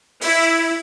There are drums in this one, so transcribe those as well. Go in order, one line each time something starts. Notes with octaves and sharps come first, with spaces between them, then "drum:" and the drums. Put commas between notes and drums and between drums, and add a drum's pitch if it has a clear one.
E4, drum: open hi-hat